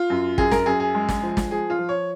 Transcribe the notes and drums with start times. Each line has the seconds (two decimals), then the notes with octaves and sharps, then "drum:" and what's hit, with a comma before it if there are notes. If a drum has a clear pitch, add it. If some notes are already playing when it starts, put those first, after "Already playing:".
Already playing: F4
0.10 F#2
0.38 F#2 G#4, drum: kick
0.51 A#4, drum: snare
0.66 F#2 G#4
0.80 G#4
0.95 G#3
1.09 drum: snare
1.23 F3
1.37 drum: snare
1.51 F3 G#4
1.70 F4
1.79 F3
1.89 C#5